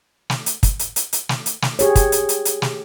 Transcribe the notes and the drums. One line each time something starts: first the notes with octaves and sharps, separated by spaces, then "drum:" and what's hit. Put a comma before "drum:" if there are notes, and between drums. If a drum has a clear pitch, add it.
drum: snare
drum: hi-hat
drum: kick, hi-hat
drum: hi-hat
drum: hi-hat
drum: hi-hat
drum: snare
drum: hi-hat
drum: snare
G4 G#4 C#5, drum: hi-hat
drum: kick, hi-hat
drum: hi-hat
drum: hi-hat
drum: hi-hat
drum: snare